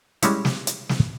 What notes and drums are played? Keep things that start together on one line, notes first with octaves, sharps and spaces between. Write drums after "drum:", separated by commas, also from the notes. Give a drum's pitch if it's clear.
G3 G#3 C#4 E4 C#5, drum: hi-hat
drum: snare
drum: hi-hat
drum: snare